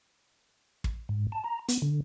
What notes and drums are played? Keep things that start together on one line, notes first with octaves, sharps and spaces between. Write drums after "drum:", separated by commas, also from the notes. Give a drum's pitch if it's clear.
drum: kick
G#2
A5
A#5
B3, drum: hi-hat
D3